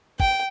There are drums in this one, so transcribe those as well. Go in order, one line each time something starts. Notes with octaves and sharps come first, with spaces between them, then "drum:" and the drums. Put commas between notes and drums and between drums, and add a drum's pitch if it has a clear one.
G5, drum: kick